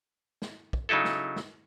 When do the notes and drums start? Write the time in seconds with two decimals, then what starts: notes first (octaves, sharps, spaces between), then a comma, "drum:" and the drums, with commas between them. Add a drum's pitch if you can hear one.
0.42 drum: snare
0.73 drum: kick
0.89 C#3 F#3 D#4 E4 A4
1.05 drum: snare
1.36 drum: snare